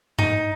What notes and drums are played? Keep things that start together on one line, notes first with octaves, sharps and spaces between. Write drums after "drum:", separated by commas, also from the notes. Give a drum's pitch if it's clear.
D#4, drum: tom G2